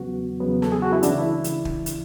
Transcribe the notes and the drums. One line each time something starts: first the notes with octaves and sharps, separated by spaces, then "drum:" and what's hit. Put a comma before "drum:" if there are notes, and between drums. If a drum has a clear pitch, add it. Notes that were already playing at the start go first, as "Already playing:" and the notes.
Already playing: E2 C#3 F#3 B3 F#4
E2 C#3 F#3 B3
A4, drum: snare
G#4
F#4
E4
C#2 C#3 E3 D4, drum: hi-hat
E4
drum: hi-hat
drum: kick
drum: hi-hat